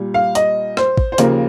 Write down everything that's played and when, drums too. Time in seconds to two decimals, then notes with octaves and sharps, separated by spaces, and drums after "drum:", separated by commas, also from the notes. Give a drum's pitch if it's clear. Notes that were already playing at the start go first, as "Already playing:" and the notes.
Already playing: A#2 G3
0.14 F5
0.35 D#5, drum: hi-hat
0.77 C5, drum: rim click
0.98 drum: kick
1.12 C5
1.18 D#2 C#3 F3 A#3 A#4, drum: hi-hat